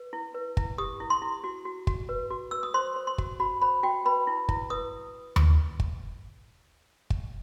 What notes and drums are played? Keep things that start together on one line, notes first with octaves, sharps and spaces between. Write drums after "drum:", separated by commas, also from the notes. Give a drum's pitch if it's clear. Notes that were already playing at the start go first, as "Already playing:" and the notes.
Already playing: B4
E4
B4
E4, drum: kick
G4 D#6
E4
C6
E4
F#4
F#4
F#4, drum: kick
B4
F#4
B4 E6
D#6
C5 C6
C5
C6
F#4, drum: kick
F#4 B5
C5 B5
F#4 G5
B4 B5
E4
E4, drum: kick
B4 D#6
drum: tom D#2
drum: kick
drum: kick